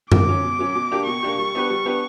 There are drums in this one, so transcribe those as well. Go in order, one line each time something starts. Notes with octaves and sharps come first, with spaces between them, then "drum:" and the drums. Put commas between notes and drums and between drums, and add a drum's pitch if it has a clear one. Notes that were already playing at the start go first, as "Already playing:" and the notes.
B2 D6, drum: tom F#2
F#3 C#4
B2
F#3 C#4
B2
A#3 D4 G4
B2 C#6
A#3 D4 G4
G3
B3 D4 G4 B4
G3
B3 D4 G4 B4